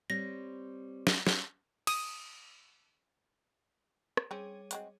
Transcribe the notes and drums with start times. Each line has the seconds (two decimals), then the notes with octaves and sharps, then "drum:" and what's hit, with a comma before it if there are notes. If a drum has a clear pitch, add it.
0.10 G3 C4 C#5 A#6
1.07 drum: snare
1.27 drum: snare
1.87 D#6, drum: cymbal
4.17 drum: rim click
4.31 G3 C4 C#4 G#4 C#5
4.71 G#3 C4 F#4, drum: hi-hat